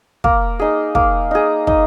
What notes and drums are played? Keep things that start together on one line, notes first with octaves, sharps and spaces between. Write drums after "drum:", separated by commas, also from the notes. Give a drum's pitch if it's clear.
A#3, drum: kick
D#4 G#4
A#3, drum: kick
D#4 G#4
D#4, drum: kick